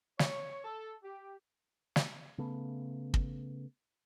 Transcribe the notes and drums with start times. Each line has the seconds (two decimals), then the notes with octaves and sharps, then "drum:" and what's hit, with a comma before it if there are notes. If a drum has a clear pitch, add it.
0.19 C#5, drum: snare
0.64 A4
1.03 G4
1.96 drum: snare
2.38 C#3 A3 B3
3.14 drum: kick